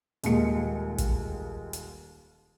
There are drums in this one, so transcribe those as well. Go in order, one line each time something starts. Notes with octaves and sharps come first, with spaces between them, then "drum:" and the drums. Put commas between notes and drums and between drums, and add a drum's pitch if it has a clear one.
D#1 D#2 G#3 G#4 C#7, drum: hi-hat
drum: kick, hi-hat
drum: hi-hat